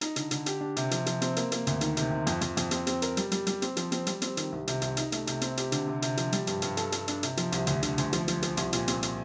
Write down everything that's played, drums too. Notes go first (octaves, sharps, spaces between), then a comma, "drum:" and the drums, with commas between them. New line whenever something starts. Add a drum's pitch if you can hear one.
D#4, drum: hi-hat
D3, drum: hi-hat
D3, drum: hi-hat
G4, drum: hi-hat
D4
C3, drum: hi-hat
F3, drum: hi-hat
F3, drum: hi-hat
C4, drum: hi-hat
A#3, drum: hi-hat
A#3, drum: hi-hat
D2, drum: hi-hat
D#3, drum: hi-hat
C3, drum: hi-hat
C3
F2, drum: hi-hat
F2, drum: hi-hat
F2, drum: hi-hat
C4, drum: hi-hat
C4, drum: hi-hat
A#4, drum: hi-hat
G3, drum: hi-hat
G3, drum: hi-hat
G3, drum: hi-hat
C4, drum: hi-hat
F3, drum: hi-hat
C4, drum: hi-hat
G3, drum: hi-hat
C4, drum: hi-hat
D#3, drum: hi-hat
C2
C3, drum: hi-hat
C2, drum: hi-hat
D#4, drum: hi-hat
A3, drum: hi-hat
C3, drum: hi-hat
C4, drum: hi-hat
G4, drum: hi-hat
D3, drum: hi-hat
C3
C3, drum: hi-hat
F3, drum: hi-hat
G3, drum: hi-hat
G2, drum: hi-hat
G2, drum: hi-hat
A4, drum: hi-hat
A4, drum: hi-hat
D4, drum: hi-hat
C3, drum: hi-hat
F3, drum: hi-hat
C2, drum: hi-hat
D2, drum: hi-hat
D3, drum: hi-hat
D2, drum: hi-hat
F3, drum: hi-hat
F3, drum: hi-hat
F3, drum: hi-hat
C2, drum: hi-hat
A#2, drum: hi-hat
C4, drum: hi-hat
drum: hi-hat